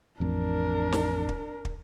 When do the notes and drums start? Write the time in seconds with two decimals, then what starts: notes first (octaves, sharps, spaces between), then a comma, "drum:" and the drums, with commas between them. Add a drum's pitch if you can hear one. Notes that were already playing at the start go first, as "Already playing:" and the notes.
0.20 A1 F2 D4 A#4
0.92 drum: snare
1.29 drum: kick
1.65 drum: kick